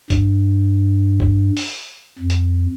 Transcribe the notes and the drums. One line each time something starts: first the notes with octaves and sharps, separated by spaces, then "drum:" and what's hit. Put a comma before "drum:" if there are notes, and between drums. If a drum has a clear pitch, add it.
G2, drum: kick A1, hi-hat
drum: kick A1
drum: open hi-hat
F2
drum: hi-hat